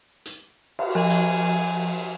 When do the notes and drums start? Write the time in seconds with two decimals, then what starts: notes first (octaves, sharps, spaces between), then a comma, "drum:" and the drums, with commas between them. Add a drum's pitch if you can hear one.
0.26 drum: hi-hat
0.79 drum: cymbal
0.95 F3 D#5 G#5
1.10 drum: hi-hat